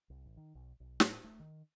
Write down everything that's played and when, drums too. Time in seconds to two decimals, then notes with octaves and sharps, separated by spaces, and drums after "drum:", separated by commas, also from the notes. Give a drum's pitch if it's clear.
0.10 C2
0.26 A1
0.37 D#3
0.55 B1
0.80 B1
1.00 A2, drum: snare
1.24 A3
1.40 D#3